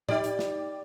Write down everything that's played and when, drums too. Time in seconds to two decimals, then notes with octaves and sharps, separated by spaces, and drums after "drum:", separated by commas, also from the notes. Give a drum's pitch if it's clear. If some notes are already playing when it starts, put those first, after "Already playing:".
0.09 D#4 G4 D5, drum: tom A2
0.24 drum: hi-hat
0.39 drum: snare